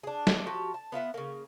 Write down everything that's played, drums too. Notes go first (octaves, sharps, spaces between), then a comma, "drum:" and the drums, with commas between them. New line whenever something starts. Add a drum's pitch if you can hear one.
D4 G#4
drum: snare
F3 F#4 G4 A5
A5
B3 F4 E5 F#5
C#3 A#3